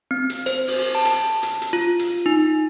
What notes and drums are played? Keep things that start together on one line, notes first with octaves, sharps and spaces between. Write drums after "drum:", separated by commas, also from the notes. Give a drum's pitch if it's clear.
C4
drum: hi-hat
C5, drum: hi-hat
drum: open hi-hat
A5
drum: hi-hat
drum: hi-hat
drum: hi-hat
F4
drum: hi-hat
D#4